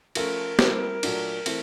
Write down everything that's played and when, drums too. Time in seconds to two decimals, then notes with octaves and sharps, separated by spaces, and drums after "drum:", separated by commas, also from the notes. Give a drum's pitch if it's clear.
0.15 F3 A3 C#4 F4 A4 A#4, drum: cymbal
0.59 G3 C4 E4 A4 C5, drum: snare
1.03 A#2 F#3 A3 D4, drum: cymbal
1.46 E3 A3 C4, drum: cymbal